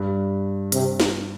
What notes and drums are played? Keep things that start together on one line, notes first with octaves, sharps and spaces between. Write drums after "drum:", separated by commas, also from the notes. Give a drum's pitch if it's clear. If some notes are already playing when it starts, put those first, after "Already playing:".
Already playing: G2
C3, drum: hi-hat
drum: snare